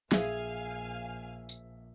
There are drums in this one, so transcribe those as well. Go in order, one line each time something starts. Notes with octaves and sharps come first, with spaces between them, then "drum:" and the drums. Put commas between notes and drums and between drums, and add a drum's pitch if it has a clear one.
A#1 G#4 E5 F5 G#5, drum: snare
drum: tambourine